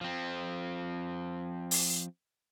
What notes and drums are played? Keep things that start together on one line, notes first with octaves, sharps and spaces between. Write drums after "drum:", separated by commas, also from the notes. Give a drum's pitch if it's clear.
F3 C4
drum: open hi-hat